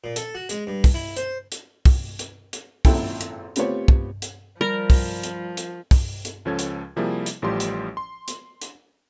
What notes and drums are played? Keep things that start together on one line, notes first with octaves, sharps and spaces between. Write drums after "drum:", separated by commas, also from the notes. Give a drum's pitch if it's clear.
A#2
A4, drum: hi-hat
F#4
G#3, drum: hi-hat
G2
drum: kick, open hi-hat
E4
C5, drum: hi-hat
drum: hi-hat
drum: kick, open hi-hat
drum: hi-hat
drum: hi-hat
G#1 F#2 A#2 E4 A4 G5, drum: kick, open hi-hat
drum: hi-hat
A3 B3 C4 F4 G4 C#5, drum: hi-hat
drum: kick
drum: hi-hat
F3 G3 A#4
drum: kick, open hi-hat
drum: hi-hat
drum: hi-hat
drum: kick, open hi-hat
drum: hi-hat
C#2 F3 C#4 A4 G#6
drum: hi-hat
C3 F3 G3 A#3 E4 G#4
drum: hi-hat
A1 A2 F3 G3 G4 C6
drum: hi-hat
C6
drum: hi-hat
drum: hi-hat